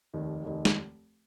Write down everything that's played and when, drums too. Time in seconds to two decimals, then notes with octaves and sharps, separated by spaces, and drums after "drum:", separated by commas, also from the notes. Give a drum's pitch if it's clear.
0.14 F1 D#2 D#3
0.44 F1 D#2 D#3
0.65 drum: snare